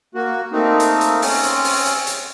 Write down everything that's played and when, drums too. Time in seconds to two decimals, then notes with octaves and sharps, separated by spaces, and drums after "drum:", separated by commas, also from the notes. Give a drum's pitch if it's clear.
0.15 A#3 F#4
0.52 A3 A#3 C4 D#4
0.80 drum: hi-hat
1.01 drum: hi-hat
1.22 C4 C#4, drum: open hi-hat
1.43 drum: hi-hat
1.64 drum: open hi-hat
1.86 drum: hi-hat
2.07 drum: hi-hat